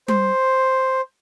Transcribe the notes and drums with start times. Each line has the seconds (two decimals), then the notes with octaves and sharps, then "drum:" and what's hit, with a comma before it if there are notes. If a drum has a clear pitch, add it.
0.08 C5, drum: tom G3